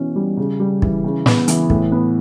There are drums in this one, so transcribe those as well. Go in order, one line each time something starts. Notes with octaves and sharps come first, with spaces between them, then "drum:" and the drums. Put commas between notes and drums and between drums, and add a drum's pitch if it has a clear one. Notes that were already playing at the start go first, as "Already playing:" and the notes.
Already playing: B2 E3 C#4
G3
C#3
G3
E3, drum: kick
C#3
B3, drum: snare
E3, drum: hi-hat
A2, drum: kick
B3